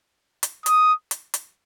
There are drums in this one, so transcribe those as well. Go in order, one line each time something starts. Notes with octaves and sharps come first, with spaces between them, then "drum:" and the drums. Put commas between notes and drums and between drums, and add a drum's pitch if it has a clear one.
drum: hi-hat
D#6, drum: hi-hat
drum: hi-hat
drum: hi-hat